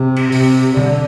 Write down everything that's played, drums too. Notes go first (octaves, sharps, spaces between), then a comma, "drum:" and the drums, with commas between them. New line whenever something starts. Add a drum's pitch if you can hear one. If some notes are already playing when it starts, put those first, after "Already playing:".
Already playing: C3
drum: cymbal
C3, drum: open hi-hat
D3, drum: tom B2